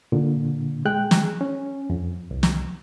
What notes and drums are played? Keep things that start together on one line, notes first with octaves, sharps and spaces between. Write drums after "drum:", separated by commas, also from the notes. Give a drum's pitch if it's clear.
A#2 D3
G#3 G#4 G5 F#6
drum: snare
C#4
F2
C2
drum: snare